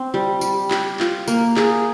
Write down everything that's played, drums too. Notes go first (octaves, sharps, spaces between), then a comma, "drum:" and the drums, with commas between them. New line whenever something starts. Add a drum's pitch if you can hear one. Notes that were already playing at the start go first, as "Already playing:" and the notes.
Already playing: C4
G3
G3, drum: tambourine
G4, drum: clap
F4, drum: clap
A#3, drum: tambourine
G#4, drum: clap